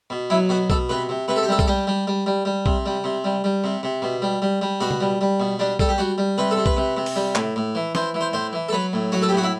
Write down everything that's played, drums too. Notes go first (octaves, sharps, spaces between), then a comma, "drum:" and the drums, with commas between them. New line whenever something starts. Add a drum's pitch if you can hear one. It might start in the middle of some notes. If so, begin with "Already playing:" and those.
B2
F#3 E4
B2 F#4
B2 A4, drum: kick B1
C3 B4
C3
C3 B4
A4
G4
G3 A4
A4, drum: kick B1
G3 G4
G3
G3
G3
G3
C3, drum: kick B1
G3
C3
G3
G3
C3
C3
B2
G3
G3
G3
B2 F#4
drum: tom
G3
G3
B2
G3 D4
G3 A4, drum: kick B1
G4
G3 F#4
G3
C3 B4
A4
C3
B4, drum: kick B1
C3
C3
drum: open hi-hat
G3
A2, drum: clap
A2
E3
E3 C5, drum: snare
E3
C5
A2 C5
E3
A4
F#3 B4
A2
F#3 F#4
A4
G4
A2 F#4
E4